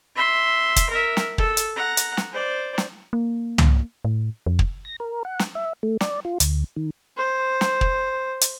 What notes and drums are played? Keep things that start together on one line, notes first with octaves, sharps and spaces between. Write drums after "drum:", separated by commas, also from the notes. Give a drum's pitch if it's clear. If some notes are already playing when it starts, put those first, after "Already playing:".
E5 C6
drum: kick, hi-hat
A#4 E5
drum: snare
A4, drum: kick
drum: hi-hat
F#5 A#5
drum: hi-hat
drum: snare
C5 D5
drum: snare
A#3
drum: tom
A2
F2
drum: kick
A#6
A#4
F#5
drum: snare
E5
A3
D5, drum: snare
F4
D2, drum: hi-hat
D#3
C5
drum: snare
drum: kick
drum: hi-hat